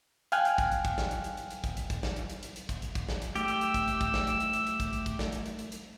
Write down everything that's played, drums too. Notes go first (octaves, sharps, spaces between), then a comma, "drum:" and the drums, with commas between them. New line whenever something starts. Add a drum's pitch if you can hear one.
F5 G5 G#5 F6 F#6, drum: hi-hat
drum: hi-hat
drum: kick, hi-hat
drum: hi-hat
drum: kick, hi-hat
drum: snare
drum: hi-hat
drum: hi-hat
drum: hi-hat
drum: hi-hat
drum: kick, hi-hat
drum: hi-hat
drum: kick, hi-hat
drum: snare
drum: hi-hat
drum: hi-hat
drum: hi-hat
drum: hi-hat
drum: kick, hi-hat
drum: hi-hat
drum: kick, hi-hat
drum: snare
drum: hi-hat
A3 G4 E6, drum: hi-hat
drum: hi-hat
drum: hi-hat
drum: kick, hi-hat
drum: hi-hat
drum: kick, hi-hat
drum: snare
drum: hi-hat
drum: hi-hat
drum: hi-hat
drum: hi-hat
drum: kick, hi-hat
drum: hi-hat
drum: kick, hi-hat
drum: snare
drum: hi-hat
drum: hi-hat
drum: hi-hat
drum: hi-hat